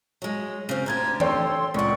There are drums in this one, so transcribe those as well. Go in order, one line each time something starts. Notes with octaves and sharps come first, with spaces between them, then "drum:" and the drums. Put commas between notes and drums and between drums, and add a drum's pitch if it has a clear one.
F#3 G#3
C#3 C4
D2 D3 G4 A#5 G#6
A4 C5 C#5 G5 C6, drum: tom E3
C#2 A#2 D5 F#5 G5 C#6